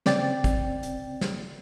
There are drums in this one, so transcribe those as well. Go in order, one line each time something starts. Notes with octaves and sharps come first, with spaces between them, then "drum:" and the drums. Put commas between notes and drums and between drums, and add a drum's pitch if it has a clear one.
C#3 C4 D5 G5 A6, drum: snare
drum: kick, hi-hat
drum: hi-hat
drum: snare